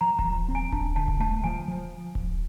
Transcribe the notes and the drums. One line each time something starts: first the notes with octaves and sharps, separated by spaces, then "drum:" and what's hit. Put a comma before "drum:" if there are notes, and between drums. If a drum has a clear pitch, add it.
F3 A#5
A#5, drum: kick D1
F3
C4
G#5
D4 A5, drum: kick D1
D3 A5
drum: kick D1
A3 A5
F3 G#5
F3
drum: kick D1